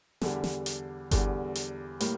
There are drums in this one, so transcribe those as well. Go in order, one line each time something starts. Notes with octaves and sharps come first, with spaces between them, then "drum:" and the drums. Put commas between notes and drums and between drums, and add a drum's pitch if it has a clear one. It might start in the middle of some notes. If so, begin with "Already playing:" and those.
E2 D3 G3, drum: snare
drum: snare
drum: hi-hat
E2 D3 G3, drum: kick G1, hi-hat
drum: hi-hat
A2 G3 A#3, drum: hi-hat